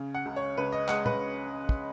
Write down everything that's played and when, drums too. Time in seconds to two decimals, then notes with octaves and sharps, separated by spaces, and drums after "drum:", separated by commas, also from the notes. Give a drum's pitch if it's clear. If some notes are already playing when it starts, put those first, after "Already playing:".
Already playing: C#3
0.15 F#5
0.25 C#2
0.36 C#5
0.57 C#2 B4
0.72 D#5
0.88 G#3 F#5, drum: clap
1.06 B4, drum: tom
1.69 drum: kick